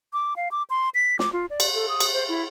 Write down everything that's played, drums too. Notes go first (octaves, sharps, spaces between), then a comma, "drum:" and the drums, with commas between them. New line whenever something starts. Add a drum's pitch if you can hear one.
D6
F5
D6
C6
B6
D6, drum: snare
F4
D5
drum: cymbal
A4
D#6
drum: cymbal
C5
E4